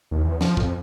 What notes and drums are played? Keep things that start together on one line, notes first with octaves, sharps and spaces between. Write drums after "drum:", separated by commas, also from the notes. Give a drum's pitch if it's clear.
D#2
E2
F3, drum: snare
F2, drum: kick